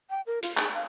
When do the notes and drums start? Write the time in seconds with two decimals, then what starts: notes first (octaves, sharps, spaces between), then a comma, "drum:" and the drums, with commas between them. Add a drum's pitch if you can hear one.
0.10 G5
0.27 A#4
0.42 F4, drum: hi-hat
0.57 G#4, drum: clap
0.74 F5